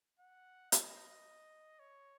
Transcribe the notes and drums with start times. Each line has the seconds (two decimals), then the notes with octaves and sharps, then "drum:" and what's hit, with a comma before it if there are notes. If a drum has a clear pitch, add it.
0.19 F#5
0.72 D#5, drum: hi-hat
1.79 C#5